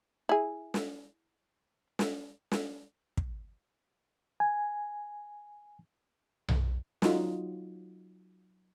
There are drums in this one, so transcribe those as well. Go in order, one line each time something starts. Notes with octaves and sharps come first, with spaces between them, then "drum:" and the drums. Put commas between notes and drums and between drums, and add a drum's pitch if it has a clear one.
E4 G#4
drum: snare
drum: snare
drum: snare
drum: kick
G#5
drum: tom B1
F#3 D#4 F4 F#4, drum: snare